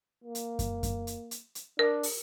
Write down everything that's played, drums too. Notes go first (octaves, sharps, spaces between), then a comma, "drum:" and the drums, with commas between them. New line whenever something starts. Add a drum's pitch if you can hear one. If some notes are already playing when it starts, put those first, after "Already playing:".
A#3
drum: hi-hat
drum: kick F#2, hi-hat
drum: kick F#2, hi-hat
drum: hi-hat
drum: hi-hat
drum: hi-hat
D4 A#4
drum: open hi-hat